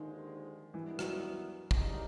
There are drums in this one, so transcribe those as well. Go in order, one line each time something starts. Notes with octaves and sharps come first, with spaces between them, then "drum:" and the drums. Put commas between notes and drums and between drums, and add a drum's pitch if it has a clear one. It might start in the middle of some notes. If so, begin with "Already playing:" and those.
Already playing: D#2 D3 D#3 F3 G#3
G2 D#3 E3 G3 B3 E4
F#3, drum: rim click
C#3 E3 G3 A#3 D#4, drum: kick